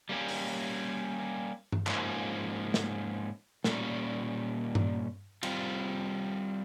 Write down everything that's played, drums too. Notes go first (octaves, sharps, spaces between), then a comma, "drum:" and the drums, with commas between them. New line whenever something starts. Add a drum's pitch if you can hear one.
G3 A#3 C#4 G4
drum: open hi-hat
drum: tom G2
G#2 F3 A#3 C#4, drum: clap
drum: snare
A#2 G3 C#4, drum: snare
drum: tom G2
G3 C4 F4, drum: cymbal